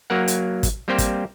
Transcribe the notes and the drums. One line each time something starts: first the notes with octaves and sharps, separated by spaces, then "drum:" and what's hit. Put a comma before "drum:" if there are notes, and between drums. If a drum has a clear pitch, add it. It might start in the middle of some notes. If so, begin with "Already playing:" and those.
F#3 A#3 A#4 F#5
drum: hi-hat
drum: kick, hi-hat
G3 A#3 C4 G4 C5 G5
drum: kick, hi-hat